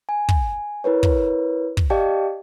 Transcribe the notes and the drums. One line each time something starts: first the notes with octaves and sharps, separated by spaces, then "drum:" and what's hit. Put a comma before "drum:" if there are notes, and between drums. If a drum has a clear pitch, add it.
G#5
drum: kick
E4 A#4 B4 C#5
drum: kick
drum: kick
G4 D5 D#5 F5 G5 A5